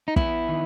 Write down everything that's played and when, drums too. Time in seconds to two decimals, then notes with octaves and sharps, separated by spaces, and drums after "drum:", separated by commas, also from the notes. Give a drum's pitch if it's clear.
0.08 D#4
0.16 B3 E4, drum: kick
0.48 D#3